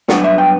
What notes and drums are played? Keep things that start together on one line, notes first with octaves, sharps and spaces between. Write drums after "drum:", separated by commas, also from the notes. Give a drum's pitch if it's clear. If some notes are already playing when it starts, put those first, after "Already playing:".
G2 F#3 B3 D4 F#5, drum: snare
E5
G5